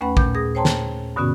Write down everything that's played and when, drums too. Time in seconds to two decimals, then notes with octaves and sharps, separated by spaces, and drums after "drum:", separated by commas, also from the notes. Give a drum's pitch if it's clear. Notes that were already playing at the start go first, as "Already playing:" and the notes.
0.01 D#2 A3 C#4 B4 F#5 B5
0.17 A#2 G6, drum: kick A#1
0.35 G#4 D#6 A#6
0.55 C5 C#5 G5 A5 A#5 C6
0.65 drum: snare
1.16 G2 B2 D3 B3 C#4 F#4